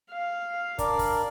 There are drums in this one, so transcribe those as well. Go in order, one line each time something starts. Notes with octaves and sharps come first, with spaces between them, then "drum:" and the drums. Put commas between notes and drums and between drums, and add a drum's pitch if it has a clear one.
F5
D4 A#4 D5, drum: kick, hi-hat
drum: kick, open hi-hat